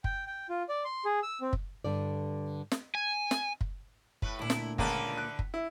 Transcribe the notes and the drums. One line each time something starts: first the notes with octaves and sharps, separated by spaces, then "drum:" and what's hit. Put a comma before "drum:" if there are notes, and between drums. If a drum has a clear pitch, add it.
G5, drum: kick
G5
F4
D5
C6
G#4
E6
C4
drum: kick
G2 D3 D5
drum: snare
G#5
drum: snare
drum: kick
A2 B4, drum: kick
D2 A#2 D4 E4
drum: snare
C#2 D3 A#3 D4 B4 A5, drum: kick
F#6
drum: kick
E4